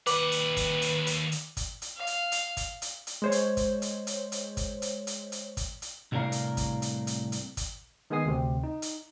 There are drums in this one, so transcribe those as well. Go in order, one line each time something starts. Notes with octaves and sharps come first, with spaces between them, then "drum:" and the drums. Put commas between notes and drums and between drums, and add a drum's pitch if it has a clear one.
D#2 B4 F#5 D6, drum: hi-hat
drum: hi-hat
drum: kick, hi-hat
drum: hi-hat
drum: hi-hat
drum: hi-hat
drum: kick, hi-hat
drum: hi-hat
F5
drum: hi-hat
drum: hi-hat
drum: kick, hi-hat
drum: hi-hat
drum: hi-hat
G#3 C5 C#5
drum: hi-hat
drum: kick, hi-hat
drum: hi-hat
drum: hi-hat
drum: hi-hat
drum: kick, hi-hat
drum: hi-hat
drum: hi-hat
drum: hi-hat
drum: kick, hi-hat
drum: hi-hat
C2 A2 C3 D4 A#4 F5
drum: hi-hat
drum: kick, hi-hat
drum: hi-hat
drum: hi-hat
drum: hi-hat
drum: kick, hi-hat
D#3 G#3 B3 G#5 D#6 C7
D2 C3 C4
D#4
drum: hi-hat